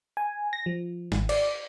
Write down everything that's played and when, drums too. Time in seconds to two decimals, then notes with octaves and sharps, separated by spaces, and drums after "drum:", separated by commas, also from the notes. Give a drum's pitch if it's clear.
0.17 G#5
0.53 A#6
0.66 F3
1.12 G#1, drum: snare
1.29 D5, drum: cymbal